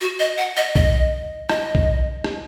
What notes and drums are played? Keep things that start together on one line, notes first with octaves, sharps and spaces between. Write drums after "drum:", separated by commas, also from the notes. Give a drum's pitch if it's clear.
F#4
D#5
F#5
D#5
D#5, drum: kick B1
D#5, drum: rim click
drum: kick B1
drum: rim click